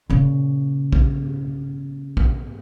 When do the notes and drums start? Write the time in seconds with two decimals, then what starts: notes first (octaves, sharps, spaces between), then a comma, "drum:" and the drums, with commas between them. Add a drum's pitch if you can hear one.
0.10 A#2 C#3
0.93 drum: kick A#1
2.17 drum: kick A#1